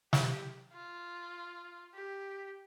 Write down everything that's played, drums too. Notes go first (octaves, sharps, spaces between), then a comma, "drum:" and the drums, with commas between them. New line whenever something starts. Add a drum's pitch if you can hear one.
G4, drum: snare
F4
G4